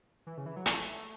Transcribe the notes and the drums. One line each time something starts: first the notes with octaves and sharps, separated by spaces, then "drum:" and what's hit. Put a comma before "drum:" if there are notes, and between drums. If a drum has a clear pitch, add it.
E3
C#3
E3
F#3
A3, drum: hi-hat